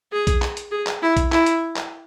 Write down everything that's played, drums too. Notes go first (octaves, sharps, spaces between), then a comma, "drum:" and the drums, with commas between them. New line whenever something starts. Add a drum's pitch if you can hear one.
G#4
drum: kick A#1, hi-hat
drum: clap
drum: hi-hat
G#4
drum: clap
E4
drum: kick A#1, hi-hat
E4, drum: clap
drum: hi-hat
drum: clap